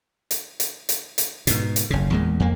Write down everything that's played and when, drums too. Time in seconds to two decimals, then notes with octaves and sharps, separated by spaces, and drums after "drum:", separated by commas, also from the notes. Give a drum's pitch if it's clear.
0.31 drum: hi-hat
0.60 drum: hi-hat
0.89 drum: hi-hat
1.18 drum: hi-hat
1.47 G#2 B2, drum: hi-hat
1.76 drum: hi-hat
1.90 F#1 C#3
2.10 E2 A#2 G#3
2.40 F2 A#3